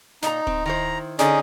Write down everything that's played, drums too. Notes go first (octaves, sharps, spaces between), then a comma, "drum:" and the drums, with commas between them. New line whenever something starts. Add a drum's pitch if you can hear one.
A#2 D#4 A#5, drum: snare
C4, drum: kick D1
D#3 E4 C5 A#5
D3 C#4 D#4 G#4 D5, drum: snare